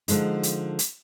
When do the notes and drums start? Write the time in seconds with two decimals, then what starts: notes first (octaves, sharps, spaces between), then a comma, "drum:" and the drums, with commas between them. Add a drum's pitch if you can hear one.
0.08 D3 F3 G#3 D#4, drum: hi-hat
0.43 drum: hi-hat
0.79 drum: hi-hat